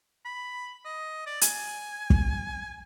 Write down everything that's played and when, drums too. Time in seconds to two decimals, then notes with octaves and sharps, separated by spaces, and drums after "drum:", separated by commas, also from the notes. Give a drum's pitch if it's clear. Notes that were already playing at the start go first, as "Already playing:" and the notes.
0.25 B5
0.85 D#5
1.26 D5
1.41 G#5, drum: hi-hat
2.10 drum: kick